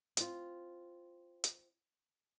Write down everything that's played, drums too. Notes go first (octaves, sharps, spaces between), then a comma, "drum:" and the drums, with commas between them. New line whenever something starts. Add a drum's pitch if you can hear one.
C4 F4, drum: hi-hat
drum: hi-hat